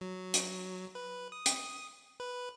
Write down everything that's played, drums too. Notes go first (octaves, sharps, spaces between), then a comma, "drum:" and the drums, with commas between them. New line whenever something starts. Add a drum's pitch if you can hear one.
F#3
drum: hi-hat
B4
D#6
drum: hi-hat
B4